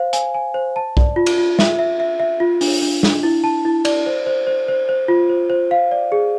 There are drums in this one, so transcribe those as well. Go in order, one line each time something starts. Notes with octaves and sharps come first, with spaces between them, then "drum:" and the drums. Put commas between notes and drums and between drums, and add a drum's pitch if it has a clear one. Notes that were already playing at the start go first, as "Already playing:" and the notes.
Already playing: C5 F5
G#5, drum: hi-hat
G#5
C5
A5
D5, drum: kick B1
F4
drum: cymbal
F4
E5, drum: snare
E5
E5
E5
F4
D4, drum: open hi-hat
D4
D4, drum: snare
E4
A5
E4
D5, drum: cymbal
C5
C5
C5
C5
C5
F4
C5
C5
F5
D5
G#4